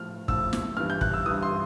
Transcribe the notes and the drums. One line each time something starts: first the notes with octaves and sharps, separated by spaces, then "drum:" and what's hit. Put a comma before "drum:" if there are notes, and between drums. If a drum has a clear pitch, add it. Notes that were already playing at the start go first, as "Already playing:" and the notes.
Already playing: A2 F3 F6
A2 F3 E6, drum: kick
drum: snare
G2 E3 F6
G6
F#6, drum: kick
E6
G2 E3 D#6
C6